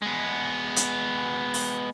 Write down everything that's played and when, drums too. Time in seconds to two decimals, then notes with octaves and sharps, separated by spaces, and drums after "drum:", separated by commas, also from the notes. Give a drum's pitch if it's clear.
0.02 G#3 B3
0.76 drum: hi-hat
1.54 drum: open hi-hat